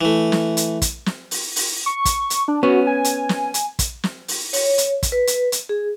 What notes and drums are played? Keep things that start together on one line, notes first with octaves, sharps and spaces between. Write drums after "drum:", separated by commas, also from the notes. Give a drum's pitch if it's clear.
E3 A3
drum: snare
drum: hi-hat
drum: kick, hi-hat
drum: snare
drum: open hi-hat
drum: open hi-hat
C#6
drum: kick, hi-hat
drum: hi-hat
D4
B3 C#4 F#4
G#5
drum: hi-hat
drum: snare
drum: hi-hat
drum: kick, hi-hat
drum: snare
drum: open hi-hat
C#5, drum: open hi-hat
drum: hi-hat
drum: kick, hi-hat
B4
drum: hi-hat
drum: hi-hat
G#4